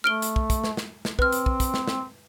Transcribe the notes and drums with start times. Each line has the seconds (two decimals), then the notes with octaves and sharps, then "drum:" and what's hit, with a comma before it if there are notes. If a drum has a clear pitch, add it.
0.04 A3 F6 D7 G7
0.22 drum: hi-hat
0.36 drum: kick
0.50 drum: kick, hi-hat
0.64 drum: snare
0.77 drum: snare
1.05 drum: snare
1.19 C4 B4 F6, drum: kick
1.32 drum: hi-hat
1.46 drum: kick
1.60 drum: kick, hi-hat
1.74 drum: snare
1.88 drum: snare